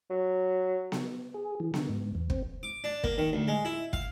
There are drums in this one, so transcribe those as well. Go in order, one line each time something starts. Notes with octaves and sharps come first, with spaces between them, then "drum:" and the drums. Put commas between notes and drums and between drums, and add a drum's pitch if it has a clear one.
F#3
drum: snare B3
G#4
E3
D3, drum: snare B3
G#2
E2
C4, drum: kick
D6
D4
A#3, drum: kick
D#3
D2
G#3
E4
F5, drum: kick